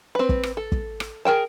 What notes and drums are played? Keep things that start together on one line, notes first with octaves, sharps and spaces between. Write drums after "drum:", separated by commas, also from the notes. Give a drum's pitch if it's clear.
C4 B4
drum: kick
drum: rim click
A4
drum: kick
drum: rim click
G#4 A#4 G5 A5